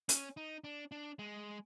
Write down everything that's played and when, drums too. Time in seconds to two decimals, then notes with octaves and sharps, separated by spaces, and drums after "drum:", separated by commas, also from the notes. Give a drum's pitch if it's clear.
0.09 C#4, drum: hi-hat
0.37 D#4
0.64 D4
0.92 D4
1.19 G#3